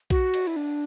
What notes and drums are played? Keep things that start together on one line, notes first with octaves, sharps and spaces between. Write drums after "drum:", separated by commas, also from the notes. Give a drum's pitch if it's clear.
F#4, drum: kick B1
drum: cymbal
E4
D4